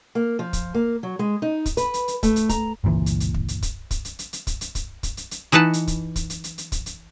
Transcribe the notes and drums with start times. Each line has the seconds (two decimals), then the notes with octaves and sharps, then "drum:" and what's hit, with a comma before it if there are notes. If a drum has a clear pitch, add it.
0.15 A#3
0.39 F3
0.53 drum: kick, hi-hat
0.74 A#3
1.03 F#3
1.19 G#3
1.42 D#4
1.66 drum: kick, hi-hat
1.77 B4, drum: hi-hat
1.94 drum: hi-hat
2.08 drum: hi-hat
2.23 A3, drum: kick, hi-hat
2.36 drum: hi-hat
2.49 A#5, drum: kick, hi-hat
2.84 G1 C#2 A#2 E3
3.06 drum: hi-hat
3.20 drum: hi-hat
3.34 drum: kick
3.48 drum: hi-hat
3.62 drum: kick, hi-hat
3.91 drum: kick, hi-hat
4.05 drum: hi-hat
4.19 drum: hi-hat
4.33 drum: hi-hat
4.47 drum: kick, hi-hat
4.61 drum: hi-hat
4.75 drum: kick, hi-hat
5.03 drum: kick, hi-hat
5.17 drum: hi-hat
5.31 drum: hi-hat
5.52 E3 D#4 B4 F#5 A5
5.73 drum: hi-hat
5.88 drum: kick, hi-hat
6.16 drum: kick, hi-hat
6.30 drum: hi-hat
6.44 drum: hi-hat
6.58 drum: hi-hat
6.72 drum: kick, hi-hat
6.86 drum: hi-hat